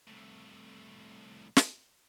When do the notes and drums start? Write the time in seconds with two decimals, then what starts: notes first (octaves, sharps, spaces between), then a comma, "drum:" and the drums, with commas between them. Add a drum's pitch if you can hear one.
0.08 C2 A2
1.57 drum: snare